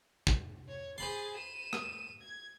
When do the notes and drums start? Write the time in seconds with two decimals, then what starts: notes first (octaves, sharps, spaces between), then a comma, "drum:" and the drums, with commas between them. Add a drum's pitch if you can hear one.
0.27 drum: kick
0.68 C#5
0.98 G#4 C5 B5 C6 A6
1.36 D#7 E7
1.73 drum: rim click
2.21 G#6